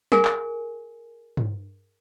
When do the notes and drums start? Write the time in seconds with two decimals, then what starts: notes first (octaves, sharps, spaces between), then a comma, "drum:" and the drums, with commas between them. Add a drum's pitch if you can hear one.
0.12 G#4 A#4 G#5, drum: snare
0.25 drum: clap
1.37 drum: tom